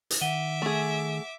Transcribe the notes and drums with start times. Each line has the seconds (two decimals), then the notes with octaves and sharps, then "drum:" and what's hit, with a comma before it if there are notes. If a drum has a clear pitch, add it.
0.10 drum: hi-hat
0.21 D#3 E5 F#5 D6 D#7 G7
0.62 A3 G#4